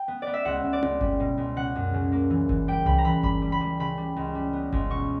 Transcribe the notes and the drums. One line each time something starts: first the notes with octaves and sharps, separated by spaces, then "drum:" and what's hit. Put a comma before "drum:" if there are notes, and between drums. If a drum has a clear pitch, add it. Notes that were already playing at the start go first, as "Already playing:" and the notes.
Already playing: G5
B3
B3 D5
E5
C#2 F#5
C#2
D5
C#2, drum: tom C4
G3, drum: kick G1
B2
C#2
C#3 F#5
F#2
C#3
A#3
E3
E3, drum: kick G1
G3 G5
C#3 B5, drum: tom C2
A#5
E3 B5
G3 B5, drum: kick G1
G3
B5
G3
C#3 B5
G3
C#2
G3
B3
C#2, drum: kick G1
B2 C#6